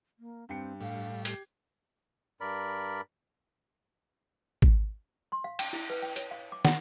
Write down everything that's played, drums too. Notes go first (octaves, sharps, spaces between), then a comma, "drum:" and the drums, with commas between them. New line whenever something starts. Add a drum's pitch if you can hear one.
A#3
G2 C4 G5 C#7
A2 G3 F5
G4 G#6 C7, drum: hi-hat
G2 A#4 D5 B5
drum: kick G#1
C6
F5
G5, drum: cymbal
E4
B4
G5
C#5, drum: hi-hat
F5
D6
F#5, drum: snare